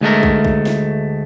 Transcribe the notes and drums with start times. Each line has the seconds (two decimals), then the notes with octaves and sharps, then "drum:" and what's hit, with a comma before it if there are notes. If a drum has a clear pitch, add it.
0.01 D2 G#3 A3 A#4
0.23 drum: kick
0.45 drum: kick
0.66 drum: snare